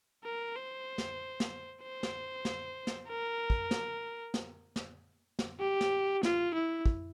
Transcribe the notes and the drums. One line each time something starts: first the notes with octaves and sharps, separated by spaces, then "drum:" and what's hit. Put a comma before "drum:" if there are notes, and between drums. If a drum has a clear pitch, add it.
A#4
C5
drum: snare
drum: snare
C5
drum: snare
drum: snare
drum: snare
A#4
drum: kick
drum: snare
drum: snare
drum: snare
drum: snare
G4
drum: snare
F4, drum: snare
E4
drum: kick